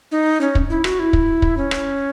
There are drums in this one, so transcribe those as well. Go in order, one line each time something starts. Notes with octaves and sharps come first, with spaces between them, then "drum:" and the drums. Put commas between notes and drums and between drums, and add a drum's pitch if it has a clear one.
D#4
C#4
drum: kick
E4
F#4, drum: rim click
E4
drum: kick
drum: kick
C#4
drum: rim click